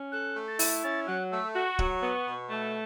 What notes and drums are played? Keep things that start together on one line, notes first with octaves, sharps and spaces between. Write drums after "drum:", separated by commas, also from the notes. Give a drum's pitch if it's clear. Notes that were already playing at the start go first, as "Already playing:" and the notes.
Already playing: C#4
A4 F#6
A3
A6
E4, drum: open hi-hat
C#4 A6
F#3 F#6
A3 E6
F#4 C#6
F#3, drum: kick
B3
B2
A3